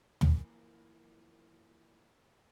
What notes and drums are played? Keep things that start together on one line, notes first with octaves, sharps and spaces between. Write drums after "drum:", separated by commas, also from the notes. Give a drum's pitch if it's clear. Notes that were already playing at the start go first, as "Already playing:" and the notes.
F#2 E3 F3 A#3, drum: tom